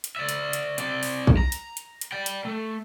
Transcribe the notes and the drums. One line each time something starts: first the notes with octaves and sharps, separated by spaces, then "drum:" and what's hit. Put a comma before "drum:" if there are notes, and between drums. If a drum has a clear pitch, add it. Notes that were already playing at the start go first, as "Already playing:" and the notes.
drum: hi-hat
D5 E5
drum: hi-hat
drum: hi-hat
C4 D5, drum: hi-hat
drum: open hi-hat
drum: kick A#1
A#5
drum: hi-hat
drum: hi-hat
drum: hi-hat
D5 G5
drum: hi-hat
A3